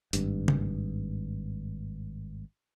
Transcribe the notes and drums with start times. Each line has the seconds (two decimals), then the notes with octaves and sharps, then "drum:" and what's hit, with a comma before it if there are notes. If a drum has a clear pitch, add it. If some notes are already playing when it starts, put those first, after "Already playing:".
0.13 G#1 G2, drum: hi-hat
0.48 drum: tom